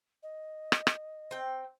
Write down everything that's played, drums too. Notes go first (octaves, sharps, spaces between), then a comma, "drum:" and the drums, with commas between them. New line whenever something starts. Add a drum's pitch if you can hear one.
D#5
drum: rim click
drum: rim click
C4 G5